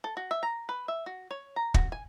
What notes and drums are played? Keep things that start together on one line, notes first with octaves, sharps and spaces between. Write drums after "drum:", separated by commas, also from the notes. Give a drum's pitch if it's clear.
A4
F#4
E5
A#5
B4
E5
F#4
C#5
A#5
F#4, drum: kick
G#5